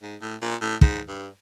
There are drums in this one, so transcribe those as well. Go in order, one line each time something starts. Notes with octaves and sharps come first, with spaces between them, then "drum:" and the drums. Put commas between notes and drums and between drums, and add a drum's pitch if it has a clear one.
G#2
A2
A#2
A2
G#2, drum: kick
G2